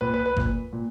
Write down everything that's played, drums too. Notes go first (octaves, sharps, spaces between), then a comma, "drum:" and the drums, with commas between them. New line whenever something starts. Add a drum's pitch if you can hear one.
A#2 B4
B4
B4
A#2, drum: kick G1
A#2